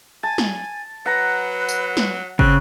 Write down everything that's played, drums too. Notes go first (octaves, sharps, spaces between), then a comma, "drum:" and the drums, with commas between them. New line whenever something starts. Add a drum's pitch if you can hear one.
G#5 A5
drum: snare
F#3 B4 F#5 A#5
drum: tambourine
drum: snare
C#3 C4 F#6, drum: kick